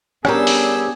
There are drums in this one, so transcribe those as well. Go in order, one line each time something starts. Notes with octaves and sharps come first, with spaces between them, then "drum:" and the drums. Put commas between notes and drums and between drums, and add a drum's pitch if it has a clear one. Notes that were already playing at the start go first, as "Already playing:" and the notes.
G3 B3 C#4 D4 G4 G#4 A#4 E6, drum: rim click
drum: open hi-hat